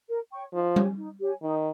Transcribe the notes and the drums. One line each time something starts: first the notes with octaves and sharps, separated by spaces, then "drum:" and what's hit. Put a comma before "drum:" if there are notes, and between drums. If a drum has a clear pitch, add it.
A#4
C#5 G5 C#6
F3 D#4
G4 C#5 G#5, drum: tom G3
D#4
G4 C#5 G#5
D#3 D#4